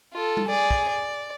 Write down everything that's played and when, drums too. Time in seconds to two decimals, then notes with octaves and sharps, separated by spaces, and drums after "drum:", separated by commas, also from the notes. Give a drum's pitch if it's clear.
0.13 F4 A4
0.37 drum: tom G3
0.48 G#4 D5
0.70 drum: kick
0.90 D5